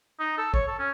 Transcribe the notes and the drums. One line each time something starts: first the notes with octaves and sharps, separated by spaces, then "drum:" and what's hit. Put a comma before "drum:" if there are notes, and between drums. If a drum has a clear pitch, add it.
D#4
A4
C#5, drum: kick
A4
C#4